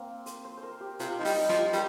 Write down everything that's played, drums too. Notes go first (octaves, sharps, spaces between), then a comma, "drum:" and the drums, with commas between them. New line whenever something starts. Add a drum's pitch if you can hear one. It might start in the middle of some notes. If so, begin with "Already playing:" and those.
Already playing: A#3 C4
C5, drum: hi-hat
C5
C5
A#4
G4
C3 F4, drum: hi-hat
F3 D#4
G3, drum: open hi-hat
D#4
F3, drum: snare
G4
G3 A#4, drum: hi-hat